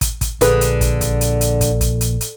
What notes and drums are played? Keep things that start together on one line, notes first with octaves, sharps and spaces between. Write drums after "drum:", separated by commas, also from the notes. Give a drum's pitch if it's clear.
drum: kick, hi-hat
drum: kick, hi-hat
A#1 D3 G#4 B4, drum: hi-hat
drum: hi-hat
drum: kick, hi-hat
drum: kick, hi-hat
drum: hi-hat
drum: hi-hat
drum: kick, hi-hat
drum: kick, hi-hat
drum: hi-hat
drum: hi-hat